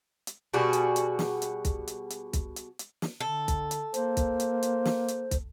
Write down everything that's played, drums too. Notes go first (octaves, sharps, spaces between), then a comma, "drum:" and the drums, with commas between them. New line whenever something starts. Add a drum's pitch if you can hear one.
drum: hi-hat
B2 G3 F#4 G#4
drum: hi-hat
drum: hi-hat
drum: snare
drum: hi-hat
drum: kick, hi-hat
drum: hi-hat
drum: hi-hat
drum: kick, hi-hat
drum: hi-hat
drum: hi-hat
drum: snare
D3 A4
drum: kick, hi-hat
drum: hi-hat
A#3 C5, drum: hi-hat
drum: kick, hi-hat
drum: hi-hat
drum: hi-hat
drum: snare
drum: hi-hat
drum: kick, hi-hat